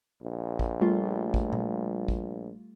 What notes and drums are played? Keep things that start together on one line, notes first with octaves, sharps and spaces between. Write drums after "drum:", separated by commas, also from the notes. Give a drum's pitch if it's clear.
A#1
drum: kick
G3 A3 F4
drum: kick
drum: tom A#2
drum: kick